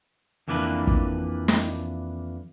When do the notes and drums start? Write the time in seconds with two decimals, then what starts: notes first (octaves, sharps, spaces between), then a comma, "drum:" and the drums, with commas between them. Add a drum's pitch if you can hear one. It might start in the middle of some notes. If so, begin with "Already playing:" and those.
0.48 F2 E3 A#3 D4 B4
0.87 drum: kick
1.48 drum: snare